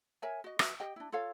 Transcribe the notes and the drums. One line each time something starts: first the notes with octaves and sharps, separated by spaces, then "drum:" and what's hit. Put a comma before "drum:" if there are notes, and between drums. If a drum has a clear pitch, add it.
A#4 C#5 E5 G#5
F#4 D#5
F#4 B4 E5, drum: rim click
G4 D#5 G5
D4 E4
F4 A4 C#5 F5